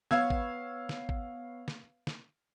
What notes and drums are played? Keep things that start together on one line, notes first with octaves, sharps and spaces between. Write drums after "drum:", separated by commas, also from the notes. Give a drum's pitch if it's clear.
B3 C#5 F5 E6 G#6, drum: snare
drum: kick G#1
drum: snare
drum: kick G#1
drum: snare
drum: snare